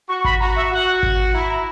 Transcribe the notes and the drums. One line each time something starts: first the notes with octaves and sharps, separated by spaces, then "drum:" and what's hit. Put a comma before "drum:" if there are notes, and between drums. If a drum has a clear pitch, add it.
F#4 C#6
B5, drum: kick G#1
F#4 A#5
E5
F#4 F#5
drum: kick G#1
E4 A#5
A#5